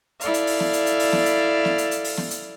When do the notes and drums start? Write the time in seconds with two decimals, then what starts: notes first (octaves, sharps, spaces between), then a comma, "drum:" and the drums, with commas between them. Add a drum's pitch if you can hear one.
0.21 E4 A4 D5 F5, drum: hi-hat
0.34 drum: hi-hat
0.47 drum: open hi-hat
0.60 drum: snare B3
0.73 drum: hi-hat
0.86 drum: hi-hat
0.99 drum: open hi-hat
1.13 drum: snare B3
1.26 drum: hi-hat
1.65 drum: snare B3
1.78 drum: hi-hat
1.91 drum: hi-hat
2.04 drum: open hi-hat
2.17 drum: snare B3
2.31 drum: hi-hat